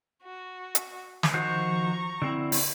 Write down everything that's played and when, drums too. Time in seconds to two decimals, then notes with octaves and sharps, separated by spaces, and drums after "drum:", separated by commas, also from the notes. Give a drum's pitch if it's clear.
0.23 F#4
0.75 drum: hi-hat
1.23 drum: snare
1.34 D#3 F3 F#4 C5 A#5 C#6
2.22 D3 C4 E4
2.52 drum: open hi-hat